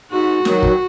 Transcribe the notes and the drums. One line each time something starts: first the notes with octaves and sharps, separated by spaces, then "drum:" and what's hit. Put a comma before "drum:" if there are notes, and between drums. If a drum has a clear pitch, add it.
G#2 F#4
D#3 F#3, drum: snare
drum: kick